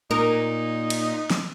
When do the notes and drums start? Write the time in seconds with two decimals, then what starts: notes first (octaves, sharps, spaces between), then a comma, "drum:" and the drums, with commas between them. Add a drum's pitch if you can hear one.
0.11 A#2 D#4 A#4
0.90 drum: cymbal
1.30 drum: snare